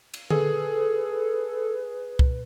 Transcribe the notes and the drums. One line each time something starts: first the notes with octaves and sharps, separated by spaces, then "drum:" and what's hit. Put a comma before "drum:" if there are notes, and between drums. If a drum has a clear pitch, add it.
drum: cymbal
G#4 A4 B4, drum: tom D3
drum: kick C2